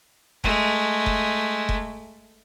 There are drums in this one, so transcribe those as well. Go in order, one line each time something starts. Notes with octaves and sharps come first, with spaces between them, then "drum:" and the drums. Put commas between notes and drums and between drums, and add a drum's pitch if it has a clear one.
G#3 A3, drum: kick F1
drum: kick F1
drum: kick F1